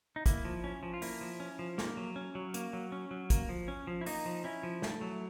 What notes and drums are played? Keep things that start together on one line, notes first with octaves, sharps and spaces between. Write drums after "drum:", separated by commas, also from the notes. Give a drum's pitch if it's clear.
D#4
A#3 E4, drum: kick, hi-hat
F3
C#4
F3
F4
A#3 E4, drum: open hi-hat
F3
C#4
F3
A#3, drum: snare
F#3
C#4
F#3
A#3, drum: hi-hat
F#3
C#4
F#3
A#3, drum: kick, hi-hat
F3
C#4
F3
E4
A#3 D#4, drum: open hi-hat
F3
C#4 E4
F3
A3, drum: snare
F#3